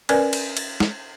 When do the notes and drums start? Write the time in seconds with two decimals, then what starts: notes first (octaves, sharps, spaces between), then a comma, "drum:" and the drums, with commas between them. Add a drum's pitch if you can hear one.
0.09 C#4 A#4 B4 D5 G#5, drum: cymbal
0.33 drum: cymbal
0.57 drum: cymbal
0.80 drum: snare